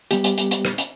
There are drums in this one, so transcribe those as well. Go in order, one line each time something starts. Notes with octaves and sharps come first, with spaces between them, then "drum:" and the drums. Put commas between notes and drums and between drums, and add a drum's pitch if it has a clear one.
G3 B3 G4, drum: hi-hat
drum: hi-hat
drum: hi-hat
drum: hi-hat
drum: rim click
drum: hi-hat